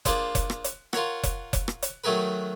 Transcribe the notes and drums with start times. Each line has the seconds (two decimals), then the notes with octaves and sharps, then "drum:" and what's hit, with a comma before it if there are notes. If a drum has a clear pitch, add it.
0.05 A#3 D4 F4 G#4 C5, drum: kick F1, hi-hat
0.35 drum: kick F1, hi-hat
0.50 drum: rim click
0.64 drum: hi-hat
0.93 F4 A#4 C#5 F#5, drum: rim click
1.23 drum: kick F1, hi-hat
1.53 drum: kick F1, hi-hat
1.68 drum: rim click
1.82 drum: hi-hat
2.04 D#3 F#3 A3 G#4 A#4 B4